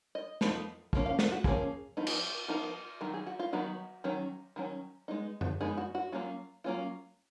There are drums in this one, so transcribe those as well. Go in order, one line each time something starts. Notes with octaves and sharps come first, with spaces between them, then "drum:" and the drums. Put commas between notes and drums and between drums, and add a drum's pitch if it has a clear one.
D#5
F3 B3 D#4, drum: snare
F3 A#3 C#4, drum: kick
F5
F#4, drum: snare
F#4
F3 A#3 C#4 G#4, drum: kick
F3 B3 D#4
drum: cymbal
F3 B3 D#4 A#4
D#3 F#3
G#4
F#4
F4
D#3 F#3 B3 D#4 F#4
D#3 F#3 C#4
D#3 F#3 C#4
G#3 B3 D#4
drum: tom F#2
G#3 B3 D#4 G#4
F#4
F#4
F#3 A#3 C#4 F4
F#3 A#3 C#4 F4